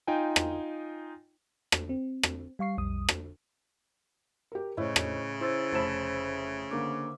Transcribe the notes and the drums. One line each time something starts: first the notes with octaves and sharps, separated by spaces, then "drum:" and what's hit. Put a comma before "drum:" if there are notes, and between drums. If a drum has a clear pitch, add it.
D#4 F4 G5 G#5
drum: rim click
drum: rim click
C4
drum: rim click
G3 F5 C#6 C7
B1 F2 G3 D#6
drum: rim click
G4 A#4
A2 C#3 E4 C5 C#5 D#5
drum: rim click
E4 C5 C6 E6 A6
F1 C5 E5 A5 B5 A6 E7
D3 A#3 D6